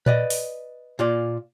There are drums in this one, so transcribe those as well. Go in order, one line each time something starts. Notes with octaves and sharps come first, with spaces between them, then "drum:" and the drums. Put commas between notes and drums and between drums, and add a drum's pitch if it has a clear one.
B4 D5 D#5, drum: tom A#2
drum: open hi-hat
A#2 F4 D5